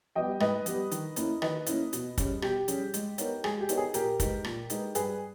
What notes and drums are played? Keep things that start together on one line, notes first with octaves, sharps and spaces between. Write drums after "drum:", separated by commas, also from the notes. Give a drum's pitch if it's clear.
G3 B3 G4 D#5 G5
G#2 B4 D#5, drum: rim click
G3 B3 G4, drum: hi-hat
D#3, drum: hi-hat
A#3 C#4 E4, drum: hi-hat
D#3 B4 D#5, drum: rim click
A#3 C#4 E4, drum: hi-hat
B2, drum: hi-hat
G3 C#4 G#4, drum: kick, hi-hat
B2 G4, drum: rim click
G3 C#4 G#4, drum: hi-hat
G#3, drum: hi-hat
B3 D#4 A#4 C#5, drum: hi-hat
G#3 G#4, drum: rim click
G4
B3 D#4 A#4 C#5, drum: hi-hat
G#4
A#2 G4 A#4, drum: hi-hat
G#3 D#4 G#4 B4, drum: kick, hi-hat
A#2, drum: rim click
G#3 D#4 G#4 B4, drum: hi-hat
G2 G#4 B4, drum: hi-hat